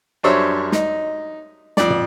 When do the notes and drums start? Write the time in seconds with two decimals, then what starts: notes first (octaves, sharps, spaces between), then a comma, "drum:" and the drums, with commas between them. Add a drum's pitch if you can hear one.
0.23 F#2 G3 D4 C5 C#5 E5
0.72 D#4, drum: snare
1.77 F2 D5, drum: snare
1.90 drum: tom